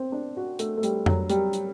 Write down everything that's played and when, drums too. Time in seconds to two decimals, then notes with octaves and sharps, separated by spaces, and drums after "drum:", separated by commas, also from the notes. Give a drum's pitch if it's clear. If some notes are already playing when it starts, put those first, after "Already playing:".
Already playing: C4
0.12 D4
0.37 F#4
0.59 A3, drum: hi-hat
0.77 A3
0.83 G3, drum: hi-hat
1.06 F#3, drum: tom F2
1.30 G3, drum: hi-hat
1.53 drum: hi-hat